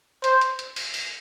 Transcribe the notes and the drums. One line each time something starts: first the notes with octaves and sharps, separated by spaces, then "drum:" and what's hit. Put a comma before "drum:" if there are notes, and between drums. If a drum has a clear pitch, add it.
C5, drum: hi-hat
drum: hi-hat
drum: hi-hat
drum: open hi-hat
drum: open hi-hat